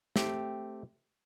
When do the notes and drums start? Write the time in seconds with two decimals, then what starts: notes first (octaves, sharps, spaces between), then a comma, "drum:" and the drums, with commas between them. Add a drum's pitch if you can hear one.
0.16 A3 C4 G4, drum: snare